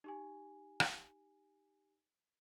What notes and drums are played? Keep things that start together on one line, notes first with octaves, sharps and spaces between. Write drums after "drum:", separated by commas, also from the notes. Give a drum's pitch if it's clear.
D#4 G4 G#5
drum: rim click